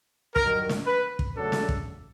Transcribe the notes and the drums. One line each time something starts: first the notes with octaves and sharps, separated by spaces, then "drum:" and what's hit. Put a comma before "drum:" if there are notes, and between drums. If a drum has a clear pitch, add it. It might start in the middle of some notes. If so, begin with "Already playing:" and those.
G2 D#3 F#3 A#4, drum: kick
drum: snare
B4
drum: kick
C#3 F#3 A3 D4 A4
drum: snare
drum: kick